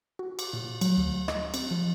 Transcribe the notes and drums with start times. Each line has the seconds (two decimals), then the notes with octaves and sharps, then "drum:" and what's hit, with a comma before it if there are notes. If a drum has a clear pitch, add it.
0.19 F#4
0.39 D6, drum: cymbal
0.53 A#2
0.81 F#3, drum: cymbal
0.97 D2
1.28 D#5, drum: rim click
1.54 C4, drum: cymbal
1.71 F3